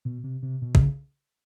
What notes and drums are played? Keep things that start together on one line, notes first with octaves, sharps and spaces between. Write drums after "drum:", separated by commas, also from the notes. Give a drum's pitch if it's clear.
B2
C3
C3
B2
C3, drum: kick
C#3